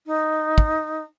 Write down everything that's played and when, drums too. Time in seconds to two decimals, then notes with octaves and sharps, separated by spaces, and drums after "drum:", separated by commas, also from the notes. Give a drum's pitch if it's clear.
0.06 D#4
0.58 drum: kick